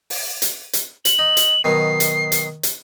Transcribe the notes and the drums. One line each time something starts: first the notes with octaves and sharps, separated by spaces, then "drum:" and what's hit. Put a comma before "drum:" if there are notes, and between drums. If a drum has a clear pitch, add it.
drum: open hi-hat
drum: hi-hat
drum: hi-hat
F#7, drum: hi-hat
D#4
drum: hi-hat
B2 D#3 F#3 C7
drum: hi-hat
drum: hi-hat
drum: hi-hat